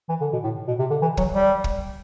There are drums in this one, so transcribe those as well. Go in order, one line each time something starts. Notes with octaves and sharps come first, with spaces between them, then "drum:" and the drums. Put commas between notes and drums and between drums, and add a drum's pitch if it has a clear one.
E3
D3
B2
A2
B2
C3
D3
E3
F#3, drum: kick
G3
drum: kick